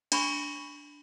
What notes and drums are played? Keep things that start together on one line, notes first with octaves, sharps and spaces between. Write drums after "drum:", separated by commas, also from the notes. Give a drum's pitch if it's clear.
D4 B5 C#6, drum: cymbal